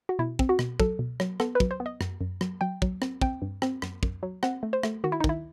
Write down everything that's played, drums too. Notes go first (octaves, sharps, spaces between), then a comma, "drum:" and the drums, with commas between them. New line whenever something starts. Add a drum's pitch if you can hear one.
F#4
B2 E4
C4, drum: kick
F#4
B2, drum: rim click
F#3 A4, drum: kick
B2
F#3, drum: rim click
B3 A4, drum: rim click
B4
F#3, drum: kick
C5
B3
D#5
F#2, drum: rim click
F#2
F#3, drum: rim click
F#3 G5
F#3, drum: kick
C4, drum: rim click
C4 G5, drum: kick
G2
C4, drum: rim click
F#2, drum: rim click
F#2, drum: kick
F#3
C4 F#5, drum: rim click
A3
C5
A3, drum: rim click
D#3 F#4
E4
D#4
D#3, drum: kick
E4